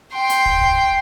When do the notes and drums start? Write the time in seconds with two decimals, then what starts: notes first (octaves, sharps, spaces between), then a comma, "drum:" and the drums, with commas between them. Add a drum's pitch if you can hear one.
0.13 G5 C6
0.30 drum: hi-hat
0.46 drum: kick
0.62 drum: kick